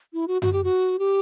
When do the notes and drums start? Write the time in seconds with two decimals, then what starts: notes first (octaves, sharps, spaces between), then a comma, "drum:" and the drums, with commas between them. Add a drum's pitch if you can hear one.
0.13 E4
0.28 F#4
0.42 F#4, drum: tom F#2
0.53 G4
0.64 F#4
0.99 G4